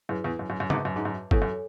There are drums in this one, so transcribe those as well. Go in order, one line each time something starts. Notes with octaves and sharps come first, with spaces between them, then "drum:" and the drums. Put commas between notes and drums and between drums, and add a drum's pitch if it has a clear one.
F#2 E4 G#4 B4
E2
F#2
F#2
F#2
G#1 G#2 B4 E5 A5 D6, drum: tom
F#2
G#2
F#2
E2 A4 C#5 G#5, drum: kick
F#2